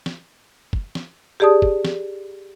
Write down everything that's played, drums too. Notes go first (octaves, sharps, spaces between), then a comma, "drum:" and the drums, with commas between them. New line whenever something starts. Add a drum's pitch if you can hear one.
drum: snare
drum: kick
drum: snare
G4 G#4 D5 A5 D#6
drum: kick
drum: snare